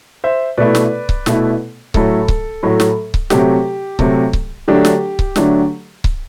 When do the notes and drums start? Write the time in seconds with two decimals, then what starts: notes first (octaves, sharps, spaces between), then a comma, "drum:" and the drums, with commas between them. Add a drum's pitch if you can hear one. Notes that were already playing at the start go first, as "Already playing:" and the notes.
0.24 C5 E5
0.58 B2 A3 E4 B4 D5
0.75 drum: snare
1.09 drum: kick C#1
1.26 B2 A3 E4, drum: snare
1.94 A2 F#3 A3 A4, drum: kick C#1
2.28 drum: kick C#1
2.63 A2 F#3 A3
2.80 drum: snare
3.14 drum: kick C#1
3.30 C3 F#3 A3 G4, drum: snare
3.99 C3 F#3 A3, drum: kick C#1
4.33 drum: kick C#1
4.68 D3 F#3 A3 D4 G4
4.85 drum: snare
5.19 drum: kick C#1
5.36 D3 F#3 A3 D4, drum: snare
6.04 drum: kick C#1